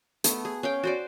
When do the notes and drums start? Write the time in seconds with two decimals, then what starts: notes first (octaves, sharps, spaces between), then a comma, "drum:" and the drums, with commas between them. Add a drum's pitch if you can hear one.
0.24 A3 B3, drum: hi-hat
0.45 G#4
0.63 C#4 F5 G5
0.84 F#4 C5 D5